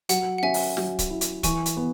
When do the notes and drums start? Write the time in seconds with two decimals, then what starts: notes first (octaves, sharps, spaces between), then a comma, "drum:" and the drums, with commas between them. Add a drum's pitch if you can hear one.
0.09 F#3 F#5, drum: hi-hat
0.38 F#5
0.43 C#4 E5 G#5
0.54 drum: open hi-hat
0.77 F#3, drum: snare
0.99 drum: kick C#1, hi-hat
1.10 E4
1.21 drum: hi-hat
1.43 E3 G#5 C#6, drum: kick C#1, hi-hat
1.66 drum: hi-hat
1.77 B3